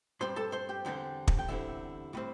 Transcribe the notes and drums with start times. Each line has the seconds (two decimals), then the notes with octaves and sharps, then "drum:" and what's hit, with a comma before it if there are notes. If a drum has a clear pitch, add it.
0.21 G2 G3 C4 C5 C6
0.36 A4 A5
0.52 C5 C6
0.69 G4 G5
0.85 E2 D3 G3 C4
1.28 drum: kick
1.39 G5
1.48 E2 D3 G3 C4 E4 E5
2.13 A2 G3 C4